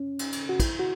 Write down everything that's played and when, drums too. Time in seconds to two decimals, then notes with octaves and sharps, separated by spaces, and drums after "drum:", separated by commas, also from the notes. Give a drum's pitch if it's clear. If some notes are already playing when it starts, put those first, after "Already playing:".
Already playing: C#4
0.19 drum: cymbal
0.32 drum: cymbal
0.49 F#4
0.60 E4, drum: kick, cymbal
0.79 F#4